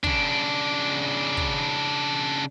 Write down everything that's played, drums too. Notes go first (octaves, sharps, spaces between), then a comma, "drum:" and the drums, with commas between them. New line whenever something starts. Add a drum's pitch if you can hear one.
C#3 D4, drum: kick
drum: kick